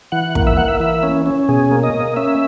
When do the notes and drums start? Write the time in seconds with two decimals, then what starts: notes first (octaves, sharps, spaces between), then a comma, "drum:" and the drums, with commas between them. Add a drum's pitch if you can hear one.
0.12 E3 F#5
0.35 A#3, drum: kick
0.47 E5
0.57 A#3 F#5
0.68 E5
0.80 E3 E5
1.03 C#4
1.26 C#4
1.49 B2 G#4
1.71 A#3
1.83 D#5
1.94 A#3
2.16 C#4 E5